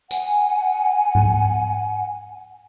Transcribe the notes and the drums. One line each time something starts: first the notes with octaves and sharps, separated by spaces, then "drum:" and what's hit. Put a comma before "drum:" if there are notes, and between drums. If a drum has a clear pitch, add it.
F#5 G#5, drum: tambourine
drum: tom G#2